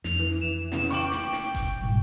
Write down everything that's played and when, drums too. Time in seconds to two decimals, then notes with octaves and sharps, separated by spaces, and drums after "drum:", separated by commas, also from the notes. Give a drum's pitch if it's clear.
0.04 F2 F7, drum: snare
0.20 E3
0.41 E7
0.72 E2 C#3, drum: snare
0.90 G5 C#6 D6 F#7, drum: hi-hat
1.12 drum: snare
1.33 drum: snare
1.55 drum: kick F#1, hi-hat
1.82 G#2 B2 G3